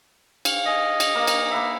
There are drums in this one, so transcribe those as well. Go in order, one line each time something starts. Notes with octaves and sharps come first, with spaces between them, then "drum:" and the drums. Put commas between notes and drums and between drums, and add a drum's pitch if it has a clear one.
F5, drum: cymbal
G#4 D#5
drum: cymbal
A#3 A#4
drum: cymbal
A#3 B4 E5